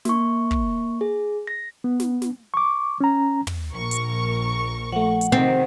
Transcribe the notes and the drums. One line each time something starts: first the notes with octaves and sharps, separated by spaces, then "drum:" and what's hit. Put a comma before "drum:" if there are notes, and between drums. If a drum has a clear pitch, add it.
A#3 C#6, drum: snare
drum: kick
G#4
A#6
B3
drum: snare
drum: snare
C#6 D6
C#4 A#5
drum: tom
A#1 A#4 C#6
drum: hi-hat
F3 A3 F#5
drum: hi-hat
C3 D#3 C4